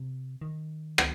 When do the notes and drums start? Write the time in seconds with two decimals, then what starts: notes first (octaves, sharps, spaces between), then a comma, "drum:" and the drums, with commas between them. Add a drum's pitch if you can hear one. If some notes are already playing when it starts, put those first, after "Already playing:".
Already playing: C3
0.41 D#3
0.98 drum: rim click